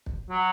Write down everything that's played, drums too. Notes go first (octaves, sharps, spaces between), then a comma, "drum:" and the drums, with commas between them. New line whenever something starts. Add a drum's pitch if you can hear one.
drum: kick
F#3